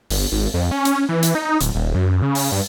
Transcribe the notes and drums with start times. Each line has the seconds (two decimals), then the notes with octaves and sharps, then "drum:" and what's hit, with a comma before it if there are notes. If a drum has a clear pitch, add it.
0.10 G1, drum: open hi-hat
0.32 G#1
0.54 F2
0.71 C#4
0.85 drum: hi-hat
1.09 E3
1.23 drum: hi-hat
1.35 D#4
1.61 D1, drum: hi-hat
1.75 D#1
1.95 F#2
2.22 C#3
2.35 drum: open hi-hat
2.52 G2